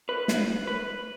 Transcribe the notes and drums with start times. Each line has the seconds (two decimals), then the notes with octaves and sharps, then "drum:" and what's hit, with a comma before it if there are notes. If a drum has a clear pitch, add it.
0.09 B4
0.28 drum: snare
0.67 B4